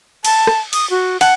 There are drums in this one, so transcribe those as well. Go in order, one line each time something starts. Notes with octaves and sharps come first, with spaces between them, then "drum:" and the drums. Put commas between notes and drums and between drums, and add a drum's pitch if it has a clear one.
A5, drum: cymbal
drum: rim click
D#6, drum: cymbal
F#4
F#5 A5, drum: cymbal